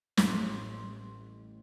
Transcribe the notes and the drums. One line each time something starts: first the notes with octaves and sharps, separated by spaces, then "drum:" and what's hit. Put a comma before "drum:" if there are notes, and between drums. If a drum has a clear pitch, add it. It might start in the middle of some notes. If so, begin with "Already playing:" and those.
A1 A2 G3 C6, drum: snare